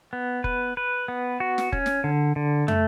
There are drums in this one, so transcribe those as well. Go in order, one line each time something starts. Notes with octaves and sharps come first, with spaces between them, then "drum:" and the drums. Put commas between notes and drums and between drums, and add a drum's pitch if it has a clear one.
B3
B4, drum: kick F1
B4
B3
F#4
drum: snare
C#4, drum: kick F1
drum: snare
D3
D3
A3, drum: tom